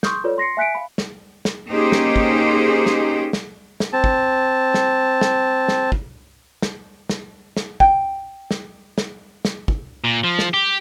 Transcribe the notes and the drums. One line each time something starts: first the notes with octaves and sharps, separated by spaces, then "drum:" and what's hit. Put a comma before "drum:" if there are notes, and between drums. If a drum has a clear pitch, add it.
C6 C#6 D#6 F6 G6, drum: snare
F4 A4 B4 C#5 D5
C6 A#6 C7 C#7
E5 G#5 F#6 B6 C#7 D7
F5 B5
drum: snare
drum: snare
A#3 C#4 D#4 G4 G#4 C5
drum: snare
drum: kick
drum: snare
drum: snare
drum: snare
C4 A5
drum: kick
drum: snare
drum: snare
drum: snare
drum: kick
drum: snare
drum: snare
drum: snare
G5, drum: kick
drum: snare
drum: snare
drum: snare
drum: kick
A#2
F3
drum: snare
G4